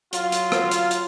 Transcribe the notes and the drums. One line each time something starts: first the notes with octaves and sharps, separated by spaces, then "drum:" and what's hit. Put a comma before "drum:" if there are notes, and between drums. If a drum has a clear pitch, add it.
F#3 F4, drum: hi-hat
drum: hi-hat
drum: rim click
drum: hi-hat
drum: hi-hat